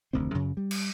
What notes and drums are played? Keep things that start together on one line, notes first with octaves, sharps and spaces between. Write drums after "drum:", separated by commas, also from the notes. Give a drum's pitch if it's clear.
F1 D2 D#3 C4
F#2 C#3 F#3
G3
drum: cymbal